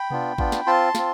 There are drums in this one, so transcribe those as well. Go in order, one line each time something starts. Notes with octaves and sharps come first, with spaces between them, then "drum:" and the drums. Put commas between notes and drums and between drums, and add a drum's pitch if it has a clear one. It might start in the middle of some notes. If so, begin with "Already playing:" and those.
Already playing: G5 B5
B3 D4 F4, drum: tom B2
B3 D4 F4, drum: kick G#1
drum: snare
C4 F4 A5 C6
C4 F4, drum: snare